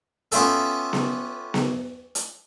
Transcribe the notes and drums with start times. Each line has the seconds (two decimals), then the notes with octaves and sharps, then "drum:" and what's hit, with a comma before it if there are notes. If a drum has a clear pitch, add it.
0.32 B3 C#4 E4 F4 G4 A4, drum: hi-hat
0.93 drum: snare B3
1.54 drum: snare B3
2.15 drum: hi-hat